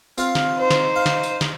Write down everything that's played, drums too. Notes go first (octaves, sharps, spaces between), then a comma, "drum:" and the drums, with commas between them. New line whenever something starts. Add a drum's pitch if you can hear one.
C4 F4 F5, drum: tambourine
drum: snare
D#4 C5
drum: snare
F5
drum: snare
drum: tambourine
drum: snare